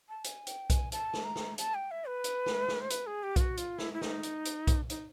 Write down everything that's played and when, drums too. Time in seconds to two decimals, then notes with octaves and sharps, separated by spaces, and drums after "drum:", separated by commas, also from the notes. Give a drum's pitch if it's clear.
0.09 A5
0.24 G#5, drum: hi-hat
0.47 G5, drum: hi-hat
0.70 G#5, drum: kick B1, hi-hat
0.92 A5, drum: hi-hat
1.13 drum: snare
1.24 A#5
1.36 drum: snare
1.58 A5, drum: hi-hat
1.75 G5
1.91 E5
2.07 B4
2.24 drum: hi-hat
2.46 drum: snare
2.68 drum: snare
2.81 C5
2.90 B4, drum: hi-hat
3.07 G#4
3.23 G4
3.36 F4, drum: kick B1, hi-hat
3.40 F#4
3.57 F4, drum: hi-hat
3.78 E4, drum: snare
3.94 E4
4.01 D#4, drum: snare
4.23 drum: hi-hat
4.45 drum: hi-hat
4.67 drum: kick B1, hi-hat
4.90 D#4, drum: hi-hat